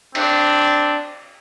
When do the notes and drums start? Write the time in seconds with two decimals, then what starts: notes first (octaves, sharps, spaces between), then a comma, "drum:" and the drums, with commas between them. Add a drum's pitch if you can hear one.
0.15 C4 D4, drum: cymbal